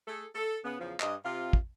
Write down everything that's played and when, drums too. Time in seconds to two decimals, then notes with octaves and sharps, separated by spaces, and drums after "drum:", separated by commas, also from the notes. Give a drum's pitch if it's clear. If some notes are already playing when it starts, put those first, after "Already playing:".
0.07 A3 G#4 A4
0.35 A4
0.65 C#3 B3
0.79 E2 C#3 F3
1.00 G2 D#5, drum: clap
1.25 C3 F4
1.53 drum: kick